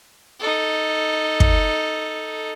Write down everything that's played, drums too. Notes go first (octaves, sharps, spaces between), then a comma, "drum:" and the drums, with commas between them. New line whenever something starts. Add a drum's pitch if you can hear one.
D#4 A4
drum: kick